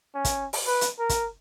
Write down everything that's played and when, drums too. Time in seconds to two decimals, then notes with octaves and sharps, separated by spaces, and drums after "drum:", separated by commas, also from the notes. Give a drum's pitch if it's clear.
0.15 C#4
0.25 drum: kick, hi-hat
0.53 drum: open hi-hat
0.67 B4
0.81 drum: hi-hat
0.99 A#4
1.09 drum: kick, hi-hat